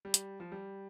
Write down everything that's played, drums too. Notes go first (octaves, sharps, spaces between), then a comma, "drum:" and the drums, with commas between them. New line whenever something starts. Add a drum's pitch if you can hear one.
G3
drum: hi-hat
F3
G3